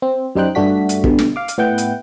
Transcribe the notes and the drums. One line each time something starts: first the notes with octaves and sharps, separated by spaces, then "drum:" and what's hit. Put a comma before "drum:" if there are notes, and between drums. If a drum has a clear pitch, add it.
C4
F#2 G3 D#4 C5 G5 F#6
G2 G3 A3 D4 F#4 B6
drum: hi-hat
B2 D3 G3, drum: kick
drum: snare
F5 D6
drum: hi-hat
A2 B3 E4 F#5 G5 G6
drum: hi-hat